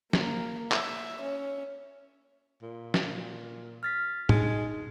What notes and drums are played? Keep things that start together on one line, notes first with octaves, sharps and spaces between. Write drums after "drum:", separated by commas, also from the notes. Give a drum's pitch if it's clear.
A#3, drum: snare
E5, drum: clap
C#4
A#2
drum: snare
F6 A6 B6
G#3 D#4, drum: tom